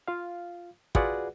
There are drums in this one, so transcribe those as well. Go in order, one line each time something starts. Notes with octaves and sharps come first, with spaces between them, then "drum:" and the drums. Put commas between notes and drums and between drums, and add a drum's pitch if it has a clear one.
F4 F5
F4 F#4 G#4 B4 D5 F#5, drum: kick